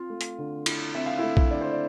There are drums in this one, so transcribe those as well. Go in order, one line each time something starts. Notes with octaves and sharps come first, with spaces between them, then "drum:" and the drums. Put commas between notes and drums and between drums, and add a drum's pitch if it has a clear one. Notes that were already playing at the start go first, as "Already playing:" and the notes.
Already playing: C4 F4 F5
A3
drum: hi-hat
D3
E4, drum: cymbal
C4 E5
F5
A3 E4 E5
drum: kick A#1
D3 D5
C5
D5